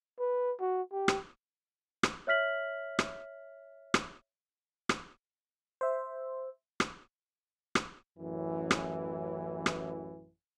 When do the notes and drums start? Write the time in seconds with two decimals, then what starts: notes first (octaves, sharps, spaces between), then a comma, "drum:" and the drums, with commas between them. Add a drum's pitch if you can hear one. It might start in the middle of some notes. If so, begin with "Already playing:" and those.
0.20 B4
0.60 F#4
0.93 G4
1.08 drum: rim click
2.03 drum: rim click
2.27 C#5 E5 F6 B6 F#7
2.99 drum: rim click
3.94 drum: rim click
4.89 drum: rim click
5.81 C5 E5
6.80 drum: rim click
7.75 drum: rim click
8.19 A1 F#2 E3
8.71 drum: rim click
9.66 drum: rim click